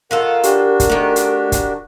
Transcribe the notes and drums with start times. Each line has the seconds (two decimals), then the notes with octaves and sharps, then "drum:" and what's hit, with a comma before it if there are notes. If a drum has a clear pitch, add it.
0.11 D#3 F4 A4 A#4 F#5
0.43 D4 F#4 G4, drum: hi-hat
0.80 drum: kick, hi-hat
0.89 D#3 A3 G4
1.16 drum: hi-hat
1.52 drum: kick, hi-hat